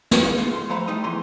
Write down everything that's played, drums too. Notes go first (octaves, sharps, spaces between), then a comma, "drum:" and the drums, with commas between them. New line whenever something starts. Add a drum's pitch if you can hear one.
drum: snare
B1 D#4 G#4 F5
G#3 A3 B3 F4 A4
E2 C6
F3 A3 C5 F5 A#5 B5
G3 A3 D#4 D#5
E2 E3 F3 G#5 A#5 C6